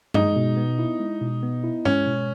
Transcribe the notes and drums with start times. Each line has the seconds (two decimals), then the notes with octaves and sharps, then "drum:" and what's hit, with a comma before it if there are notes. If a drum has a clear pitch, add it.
0.14 G#3 D#4, drum: tom G2
0.36 B2
0.57 B3
0.79 E4
1.00 G#3
1.21 B2
1.43 B3
1.64 E4
1.85 G#3 C#4, drum: tom G#2
2.06 B2